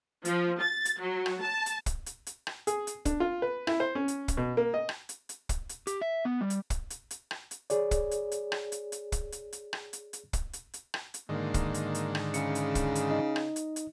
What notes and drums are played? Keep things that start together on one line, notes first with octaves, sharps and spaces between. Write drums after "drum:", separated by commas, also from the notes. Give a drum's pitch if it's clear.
F3, drum: hi-hat
A6
drum: hi-hat
F#3
drum: rim click
A5
drum: hi-hat
drum: kick, hi-hat
drum: hi-hat
drum: hi-hat
drum: rim click
G#4, drum: hi-hat
drum: hi-hat
D4, drum: kick, hi-hat
F4
B4
E4, drum: rim click
C5
C#4
drum: hi-hat
drum: kick, hi-hat
B2
A#3
D#5
drum: rim click
drum: hi-hat
drum: hi-hat
drum: kick, hi-hat
drum: hi-hat
G4, drum: hi-hat
E5
B3
G3
drum: hi-hat
drum: kick, hi-hat
drum: hi-hat
drum: hi-hat
drum: rim click
drum: hi-hat
G#4 C#5 D5, drum: hi-hat
drum: kick, hi-hat
drum: hi-hat
drum: hi-hat
drum: rim click
drum: hi-hat
drum: hi-hat
drum: kick, hi-hat
drum: hi-hat
drum: hi-hat
drum: rim click
drum: hi-hat
drum: hi-hat
drum: kick, hi-hat
drum: hi-hat
drum: hi-hat
drum: rim click
drum: hi-hat
G#2 D3 D#3 A#3
drum: kick, hi-hat
drum: hi-hat
drum: hi-hat
drum: rim click
C#3 C#7, drum: hi-hat
drum: hi-hat
drum: kick, hi-hat
drum: hi-hat
D#4 D#5
drum: rim click
drum: hi-hat
drum: hi-hat